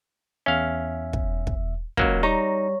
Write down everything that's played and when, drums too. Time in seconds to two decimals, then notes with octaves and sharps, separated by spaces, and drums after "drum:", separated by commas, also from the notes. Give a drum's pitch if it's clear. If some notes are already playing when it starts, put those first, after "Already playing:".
0.46 E2 C#4 E5 F5
1.13 drum: kick
1.47 drum: kick
1.97 C#2 F#3 A#3, drum: kick
2.23 G3 D#4 C#5 A#5